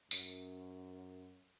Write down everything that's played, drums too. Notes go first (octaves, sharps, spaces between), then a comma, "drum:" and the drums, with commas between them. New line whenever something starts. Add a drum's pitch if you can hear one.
F#2, drum: tambourine